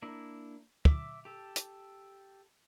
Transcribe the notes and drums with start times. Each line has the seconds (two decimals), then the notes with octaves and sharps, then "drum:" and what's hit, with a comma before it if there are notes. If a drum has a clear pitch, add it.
0.02 A#3 D4 E4
0.85 E5 D6, drum: kick
1.25 G4 A4
1.56 drum: hi-hat